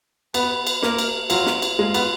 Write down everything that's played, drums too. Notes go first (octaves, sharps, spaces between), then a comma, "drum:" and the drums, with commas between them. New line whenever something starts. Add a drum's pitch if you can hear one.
B3 B4, drum: cymbal
drum: cymbal
A#3 A#4, drum: snare
drum: cymbal
F#3 F4, drum: cymbal
drum: snare
drum: cymbal
G#3 F4
B3, drum: cymbal